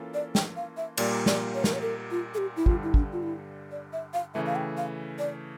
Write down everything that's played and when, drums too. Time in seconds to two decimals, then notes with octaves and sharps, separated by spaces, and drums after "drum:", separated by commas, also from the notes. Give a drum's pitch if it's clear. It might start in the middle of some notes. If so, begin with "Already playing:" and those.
Already playing: E3 A#3 C#4 F4 A4
0.14 D5
0.35 G5, drum: snare
0.56 F5
0.77 E5
0.98 A#2 G3 A#3 D5, drum: cymbal
1.26 D5, drum: snare
1.54 C#5
1.64 A#4, drum: snare
1.73 C#5
1.82 A#4
2.11 F4
2.34 A4
2.38 G4
2.56 E4
2.66 G2 D3 G3 F4, drum: kick
2.83 E4
2.94 D4, drum: kick
3.12 F4
3.23 E4
3.71 D5
3.93 E5
4.14 F5
4.34 C#3 E3 A3 E5
4.46 F5
4.56 G5
4.77 F5
5.19 D5